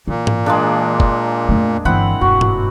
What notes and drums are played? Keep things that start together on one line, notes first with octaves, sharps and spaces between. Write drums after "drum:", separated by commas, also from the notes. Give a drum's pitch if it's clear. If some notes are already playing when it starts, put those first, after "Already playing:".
A#2 E3
drum: tom G#2
G#3 A#3 D4 G#4
drum: kick
F2 A3
G1 E3 C4 E4 F#5
E1 G2 F#4
drum: tom G#2